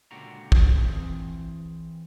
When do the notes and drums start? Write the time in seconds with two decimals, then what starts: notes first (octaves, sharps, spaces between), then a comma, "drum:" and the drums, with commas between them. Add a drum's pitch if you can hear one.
0.11 C#2 A#2 D3 F#4 G4 A#5
0.52 drum: kick
0.74 E3 C4 G#4